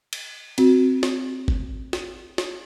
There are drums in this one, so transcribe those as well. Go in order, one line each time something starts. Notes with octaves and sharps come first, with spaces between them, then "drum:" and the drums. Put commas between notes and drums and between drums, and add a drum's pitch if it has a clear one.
drum: cymbal
C4 F#4, drum: cymbal
drum: snare
drum: kick G1
drum: snare
drum: snare